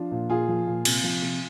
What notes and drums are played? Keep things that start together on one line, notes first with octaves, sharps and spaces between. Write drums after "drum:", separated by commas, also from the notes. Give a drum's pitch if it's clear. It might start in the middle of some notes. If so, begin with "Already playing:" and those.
Already playing: F3 D4 F4
A#2
A#2 F4 G#4
F3
A#2
C3, drum: cymbal
F3
C3